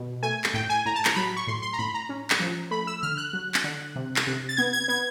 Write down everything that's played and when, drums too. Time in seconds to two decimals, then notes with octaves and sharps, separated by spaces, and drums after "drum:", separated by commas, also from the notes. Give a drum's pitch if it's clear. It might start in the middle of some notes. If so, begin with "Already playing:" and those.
Already playing: B2
0.23 A3 G#5
0.44 drum: clap
0.54 A2 G5
0.70 G#5
0.85 A2 A#5
0.95 A5
1.05 A#5, drum: clap
1.16 F#3 B5
1.37 C#6
1.47 A2 C6
1.62 C6
1.73 A#5
1.79 A2 B5
1.94 A#5
2.09 C#4
2.30 drum: clap
2.40 F3
2.71 A3 B5
2.87 E6
3.03 D3 F6
3.17 F#6
3.33 F#3
3.54 drum: clap
3.64 D3
3.96 C3
4.16 drum: clap
4.27 C3
4.49 A6
4.57 B3 G#6
4.73 G#6
4.88 B3 G#6